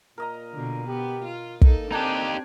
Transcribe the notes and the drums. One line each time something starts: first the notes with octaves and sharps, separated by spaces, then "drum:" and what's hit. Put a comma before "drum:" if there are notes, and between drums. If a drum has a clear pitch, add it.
A#2 A#4 D#5 A#5
B2 D3
B3 G4
F4
A#3 D#4 A4, drum: kick
C4 D4 D#4 G4 G#5 A5